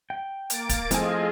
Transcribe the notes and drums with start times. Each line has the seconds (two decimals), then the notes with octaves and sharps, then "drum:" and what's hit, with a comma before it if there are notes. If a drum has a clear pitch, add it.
0.10 G5
0.50 A#3 A6 D7, drum: hi-hat
0.69 drum: kick, hi-hat
0.91 F3 A3 C4 E4 F4 G#4 D#5 G#5, drum: hi-hat